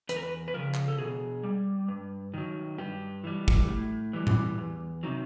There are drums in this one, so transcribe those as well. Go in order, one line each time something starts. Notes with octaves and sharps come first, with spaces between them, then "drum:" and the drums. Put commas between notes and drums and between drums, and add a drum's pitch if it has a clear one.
E2 B4, drum: hi-hat
A#4
B4
B4
C#3 F3 A#4
drum: clap
A4
B2 G#4
G3
G2
D#3 F#3
G2 G4
E3 G3
drum: kick
A2
E3 G3
drum: tom A2
E2
C3 D#3 F#3